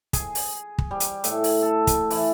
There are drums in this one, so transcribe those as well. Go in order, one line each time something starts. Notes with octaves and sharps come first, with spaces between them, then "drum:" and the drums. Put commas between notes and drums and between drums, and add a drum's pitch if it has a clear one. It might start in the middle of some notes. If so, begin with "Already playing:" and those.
G#4, drum: kick, hi-hat
drum: open hi-hat
drum: kick
G3
drum: hi-hat
A2, drum: hi-hat
drum: open hi-hat
A4
drum: kick, hi-hat
E3, drum: open hi-hat